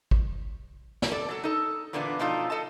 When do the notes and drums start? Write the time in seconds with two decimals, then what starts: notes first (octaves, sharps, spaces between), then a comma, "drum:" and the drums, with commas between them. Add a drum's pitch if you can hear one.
0.11 drum: kick
1.02 drum: snare
1.12 A4 D5 A5
1.29 F#3 A4
1.44 D#4 A4
1.93 E2 A#2 D3 A#3 B3 D4
2.19 B2 F3 D4 D#4 F4 A4
2.50 A4 D#5 A5